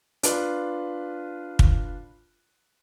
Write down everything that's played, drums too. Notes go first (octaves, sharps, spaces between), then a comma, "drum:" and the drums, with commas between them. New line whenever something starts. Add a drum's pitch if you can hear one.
D4 F4 B4, drum: hi-hat
drum: kick